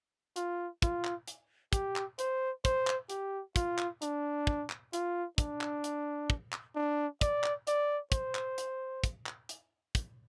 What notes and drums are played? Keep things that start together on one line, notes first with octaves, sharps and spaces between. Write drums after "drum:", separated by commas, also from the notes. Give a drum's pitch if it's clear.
F4, drum: hi-hat
F4, drum: kick, hi-hat
drum: clap
drum: hi-hat
G4, drum: kick, hi-hat
drum: clap
C5, drum: hi-hat
C5, drum: kick, hi-hat
drum: clap
G4, drum: hi-hat
F4, drum: kick, hi-hat
drum: clap
D4, drum: hi-hat
drum: kick
drum: clap
F4, drum: hi-hat
D4, drum: kick, hi-hat
drum: clap
drum: hi-hat
drum: kick
drum: clap
D4
D5, drum: kick, hi-hat
drum: clap
D5, drum: hi-hat
C5, drum: kick, hi-hat
drum: clap
drum: hi-hat
drum: kick, hi-hat
drum: clap
drum: hi-hat
drum: kick, hi-hat